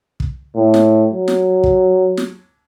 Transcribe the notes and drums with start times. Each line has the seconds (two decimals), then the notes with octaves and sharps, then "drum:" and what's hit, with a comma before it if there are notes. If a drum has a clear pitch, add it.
0.20 drum: kick
0.56 A2
0.74 drum: snare
1.13 F#3
1.28 drum: snare
1.64 drum: kick
2.17 drum: snare